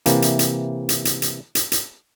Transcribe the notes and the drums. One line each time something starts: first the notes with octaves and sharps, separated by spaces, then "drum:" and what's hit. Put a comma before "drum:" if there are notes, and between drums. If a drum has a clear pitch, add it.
C3 E3 A#3, drum: hi-hat
drum: hi-hat
drum: hi-hat
drum: hi-hat
drum: hi-hat
drum: hi-hat
drum: hi-hat
drum: hi-hat